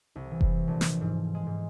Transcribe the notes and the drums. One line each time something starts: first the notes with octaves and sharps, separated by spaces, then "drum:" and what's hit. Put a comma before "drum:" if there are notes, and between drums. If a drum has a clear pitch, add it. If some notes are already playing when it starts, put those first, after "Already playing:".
C2
E3
drum: kick F1
A#1
drum: snare
G#2
G#3
G#2